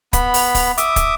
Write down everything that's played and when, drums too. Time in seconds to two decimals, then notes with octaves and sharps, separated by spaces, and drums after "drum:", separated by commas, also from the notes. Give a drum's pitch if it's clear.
0.13 B3 B5, drum: kick, hi-hat
0.34 drum: open hi-hat
0.55 drum: kick, open hi-hat
0.78 E5 D6 D#6, drum: hi-hat
0.96 drum: kick, hi-hat